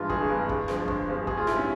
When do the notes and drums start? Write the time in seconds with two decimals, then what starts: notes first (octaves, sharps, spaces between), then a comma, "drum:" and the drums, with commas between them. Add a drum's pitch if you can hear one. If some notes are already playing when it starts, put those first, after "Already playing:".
Already playing: G2 E3 G#3 F4
0.09 G1 G#4, drum: kick
0.29 G2 E3 G#3
0.49 G1, drum: kick
0.68 G2 F3 G#3, drum: rim click
0.88 G1, drum: kick
1.08 G2 F3 G#3
1.27 A#1 G#4, drum: kick
1.37 F4
1.47 G#2 G3 E4, drum: rim click
1.57 C#4